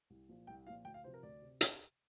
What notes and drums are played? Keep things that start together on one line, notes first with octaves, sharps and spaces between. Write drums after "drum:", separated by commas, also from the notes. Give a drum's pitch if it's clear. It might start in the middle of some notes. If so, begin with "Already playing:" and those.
C2
A#2 F3
C2 G5
A#2 F3 F5
D2 G5
F5
C3 F3 C5
A#4
D2 D5
C3
drum: hi-hat